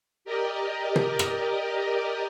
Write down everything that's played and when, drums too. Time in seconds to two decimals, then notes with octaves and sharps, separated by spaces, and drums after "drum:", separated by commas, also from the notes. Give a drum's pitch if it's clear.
0.25 G4 A#4 D5 D#5
0.96 drum: tom
1.19 drum: rim click